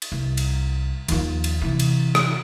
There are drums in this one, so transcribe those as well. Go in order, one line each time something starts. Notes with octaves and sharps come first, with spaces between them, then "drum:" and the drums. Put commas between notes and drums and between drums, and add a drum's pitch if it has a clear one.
drum: cymbal
C2
drum: cymbal
D#2 F3, drum: cymbal
drum: cymbal
C3 E3
drum: cymbal
drum: rim click